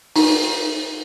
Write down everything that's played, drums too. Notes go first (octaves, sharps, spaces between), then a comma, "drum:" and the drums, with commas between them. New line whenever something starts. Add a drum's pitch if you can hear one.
D#4, drum: open hi-hat